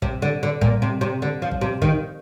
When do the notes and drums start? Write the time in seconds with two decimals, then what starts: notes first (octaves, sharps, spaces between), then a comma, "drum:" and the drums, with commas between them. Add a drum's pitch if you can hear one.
0.02 C3, drum: kick
0.22 D3
0.43 D3
0.61 A#2, drum: kick
0.82 C3
1.01 C3
1.22 D3
1.42 F3
1.51 drum: kick
1.61 C3
1.82 D#3, drum: kick